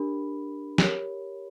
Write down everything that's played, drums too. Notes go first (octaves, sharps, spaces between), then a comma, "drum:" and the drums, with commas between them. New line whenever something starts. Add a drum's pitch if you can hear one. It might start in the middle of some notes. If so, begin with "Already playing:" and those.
Already playing: D4 G4 A#4 B5
G4 A#4 C#5, drum: snare